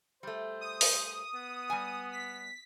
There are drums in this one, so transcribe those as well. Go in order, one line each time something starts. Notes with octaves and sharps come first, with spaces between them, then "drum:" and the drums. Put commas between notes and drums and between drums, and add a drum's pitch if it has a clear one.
G3 A3 C5
D#6
drum: open hi-hat
B3
G3 G#5
B6